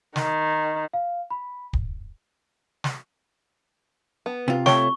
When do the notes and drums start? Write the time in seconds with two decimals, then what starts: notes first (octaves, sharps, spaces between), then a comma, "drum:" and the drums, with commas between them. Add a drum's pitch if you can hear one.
0.16 D#3, drum: snare
0.93 F5
1.30 B5
1.73 drum: kick
2.84 drum: snare
4.26 B3
4.48 C3 F4
4.66 A3 C#5 G5 C#6, drum: snare